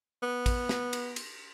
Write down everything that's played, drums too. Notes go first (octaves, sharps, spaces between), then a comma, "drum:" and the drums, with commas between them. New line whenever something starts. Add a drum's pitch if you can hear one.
B3
drum: kick, cymbal
drum: snare
drum: cymbal
drum: cymbal